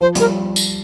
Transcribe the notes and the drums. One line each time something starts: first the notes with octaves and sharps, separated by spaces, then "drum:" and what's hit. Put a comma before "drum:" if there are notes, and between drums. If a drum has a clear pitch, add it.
F3 C5
G3 A#4, drum: hi-hat
drum: tambourine